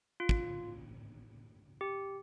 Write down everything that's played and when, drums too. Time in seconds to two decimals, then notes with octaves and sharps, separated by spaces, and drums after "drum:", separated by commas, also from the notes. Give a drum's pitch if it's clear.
0.20 F4
0.29 drum: kick
1.81 G4